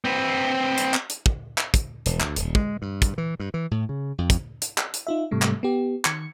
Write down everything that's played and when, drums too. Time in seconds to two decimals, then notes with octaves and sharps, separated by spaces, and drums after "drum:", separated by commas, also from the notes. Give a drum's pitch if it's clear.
0.05 C4 B4
0.78 drum: hi-hat
0.94 drum: clap
1.10 drum: hi-hat
1.26 drum: kick
1.58 drum: clap
1.74 drum: kick, hi-hat
2.06 E1, drum: hi-hat
2.20 D2, drum: clap
2.36 D#1, drum: hi-hat
2.55 G#3, drum: kick
2.82 G2
3.02 drum: kick, hi-hat
3.18 E3
3.40 G2
3.54 E3
3.71 A2
3.89 C#3
4.18 F2
4.30 drum: kick, hi-hat
4.62 drum: hi-hat
4.78 drum: clap
4.94 drum: hi-hat
5.07 D#4 F4 E5
5.31 G#2 C3 G3 A3
5.42 drum: clap
5.63 B3 G4
6.05 D#3 G#6 C#7, drum: clap